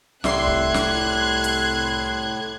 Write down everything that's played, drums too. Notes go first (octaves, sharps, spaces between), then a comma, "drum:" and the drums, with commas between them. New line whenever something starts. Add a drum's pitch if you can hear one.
C2 A2 D5 E5 C6 F#6 G#6 C7, drum: snare
drum: kick C#1
drum: snare
drum: hi-hat